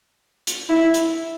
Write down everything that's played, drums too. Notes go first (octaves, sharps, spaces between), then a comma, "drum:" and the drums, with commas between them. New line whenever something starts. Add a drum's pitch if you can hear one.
drum: hi-hat
E4
drum: hi-hat